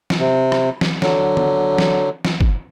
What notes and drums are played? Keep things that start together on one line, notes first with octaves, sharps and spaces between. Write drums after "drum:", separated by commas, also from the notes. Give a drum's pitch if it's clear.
drum: snare
C3
drum: rim click
drum: snare
D3 F#3, drum: snare
drum: tom
drum: snare
drum: snare
drum: kick F#1